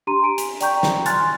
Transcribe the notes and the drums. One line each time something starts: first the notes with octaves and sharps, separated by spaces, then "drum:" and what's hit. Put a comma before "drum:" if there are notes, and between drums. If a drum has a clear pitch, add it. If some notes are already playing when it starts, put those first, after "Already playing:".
D4 G4 A#5 C6 D#7
G#5 D7 D#7
drum: hi-hat
D5 G5 A#5 C#6 G6, drum: hi-hat
drum: snare
G#5 C6 F6 F#6 A6, drum: hi-hat